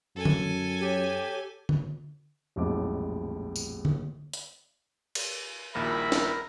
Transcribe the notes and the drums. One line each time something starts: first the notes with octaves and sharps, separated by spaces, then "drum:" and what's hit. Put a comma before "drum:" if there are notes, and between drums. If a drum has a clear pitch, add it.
F#2 A4 G#5
drum: tom D3
G4 C#5
drum: tom D3
D#1 B1 F2 A2 G#3 D6
drum: tambourine
drum: tom D3
drum: hi-hat
drum: cymbal
A#1 D#2 A#2 G3 E4 A#4 E5 B5
drum: snare